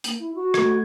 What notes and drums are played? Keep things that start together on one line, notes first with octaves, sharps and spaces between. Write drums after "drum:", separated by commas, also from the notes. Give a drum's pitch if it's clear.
A#3, drum: hi-hat
E4
F#4
A3 G#6, drum: rim click